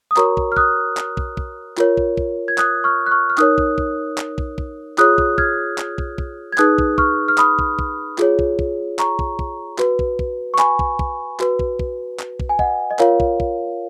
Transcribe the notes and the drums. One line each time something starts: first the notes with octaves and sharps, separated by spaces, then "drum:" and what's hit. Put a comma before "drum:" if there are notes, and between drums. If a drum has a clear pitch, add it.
D#6
F#4 A#4 C#5 A#5 C#6, drum: clap
drum: kick
F6
D#6 F#6, drum: kick
drum: clap
drum: kick
drum: kick
F4 A#4 C#5, drum: clap
drum: kick
drum: kick
G#6
D#6 F#6, drum: clap
C#6 F6
F#6
C#6 F6
F6
D#4 A#4 C#5 D#6 F#6, drum: clap
drum: kick
drum: kick
drum: clap
drum: kick
drum: kick
F4 G#4 C#5 D#6 F#6, drum: clap
drum: kick
F6 G#6, drum: kick
drum: clap
drum: kick
drum: kick
G#6
D#4 G#4 B4 D#6 F#6, drum: clap
drum: kick
C#6 F6, drum: kick
F6
B5 D#6, drum: clap
drum: kick
drum: kick
F4 G#4 C#5, drum: clap
drum: kick
drum: kick
A#5 C#6, drum: clap
drum: kick
drum: kick
F#4 B4, drum: clap
drum: kick
drum: kick
C#6
G#5 B5, drum: clap
drum: kick
drum: kick
F#4 B4, drum: clap
drum: kick
drum: kick
drum: clap
drum: kick
G#5
D#5 F#5, drum: kick
D#5
F4 A#4 C#5 F5, drum: clap
drum: kick
drum: kick